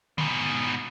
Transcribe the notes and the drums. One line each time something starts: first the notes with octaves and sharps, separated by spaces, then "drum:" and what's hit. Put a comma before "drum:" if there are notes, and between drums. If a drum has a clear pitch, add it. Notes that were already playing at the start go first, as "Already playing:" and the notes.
G#2 B2, drum: tom D3